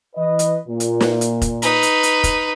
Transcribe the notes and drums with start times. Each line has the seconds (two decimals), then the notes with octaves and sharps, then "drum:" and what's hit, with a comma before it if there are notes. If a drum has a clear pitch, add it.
0.15 E3 B4 D#5
0.39 drum: hi-hat
0.68 A#2
0.80 drum: hi-hat
1.01 drum: snare
1.21 drum: hi-hat
1.42 drum: kick F1, hi-hat
1.62 D#4 B4, drum: hi-hat
1.83 drum: hi-hat
2.03 drum: hi-hat
2.24 drum: kick F1, hi-hat